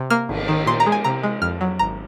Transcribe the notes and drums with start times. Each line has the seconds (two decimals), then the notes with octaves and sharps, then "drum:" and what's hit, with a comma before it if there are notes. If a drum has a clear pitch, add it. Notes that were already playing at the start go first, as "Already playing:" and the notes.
Already playing: C3
0.10 A#3 F6
0.29 G#1, drum: cymbal
0.48 D#3
0.66 A#2 C6
0.80 A#5
0.86 G#3
0.92 G#5
1.04 C3 A#5
1.23 G#3
1.42 F2 F6
1.61 F#3
1.79 G#1 A#5